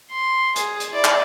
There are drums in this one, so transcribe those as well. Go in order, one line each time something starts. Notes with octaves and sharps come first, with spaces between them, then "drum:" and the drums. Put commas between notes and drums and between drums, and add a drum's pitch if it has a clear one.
C6
G#4, drum: hi-hat
drum: hi-hat
E4 D5
drum: clap